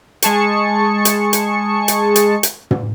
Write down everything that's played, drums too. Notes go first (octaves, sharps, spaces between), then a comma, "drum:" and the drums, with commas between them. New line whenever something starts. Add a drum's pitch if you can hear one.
G#3 G#4 A5 C#6 C#7, drum: hi-hat
drum: hi-hat
drum: hi-hat
drum: hi-hat
drum: hi-hat
drum: hi-hat
drum: tom